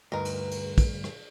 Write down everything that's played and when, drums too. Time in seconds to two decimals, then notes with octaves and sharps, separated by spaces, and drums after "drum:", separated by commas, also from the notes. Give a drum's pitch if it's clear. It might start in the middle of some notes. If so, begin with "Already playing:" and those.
0.12 D2 G2 D#4 A#4 B4
0.25 drum: cymbal
0.51 drum: cymbal
0.78 drum: kick, cymbal
1.04 drum: rim click